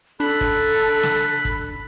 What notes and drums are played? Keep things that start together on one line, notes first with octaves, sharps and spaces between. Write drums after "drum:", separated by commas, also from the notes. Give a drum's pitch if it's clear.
D4 A4 B5 F#6
drum: kick
drum: snare
drum: kick